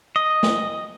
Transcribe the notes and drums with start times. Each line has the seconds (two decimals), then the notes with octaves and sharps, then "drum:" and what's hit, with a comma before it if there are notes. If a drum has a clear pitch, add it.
0.16 D#5
0.43 drum: snare